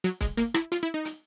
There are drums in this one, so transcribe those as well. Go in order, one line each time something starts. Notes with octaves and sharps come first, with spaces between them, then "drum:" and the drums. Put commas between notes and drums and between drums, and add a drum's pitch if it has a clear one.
F#3, drum: hi-hat
G#3, drum: kick, hi-hat
A#3, drum: hi-hat
E4, drum: rim click
F4, drum: hi-hat
E4
D#4
drum: hi-hat